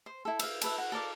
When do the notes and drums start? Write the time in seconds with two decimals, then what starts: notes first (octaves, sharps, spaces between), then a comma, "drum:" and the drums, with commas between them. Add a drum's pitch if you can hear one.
0.06 C5
0.25 E4 A4
0.39 E5 F5, drum: cymbal
0.62 A4 B4 E5, drum: cymbal
0.78 F#5
0.92 A4 A#4 D5 F5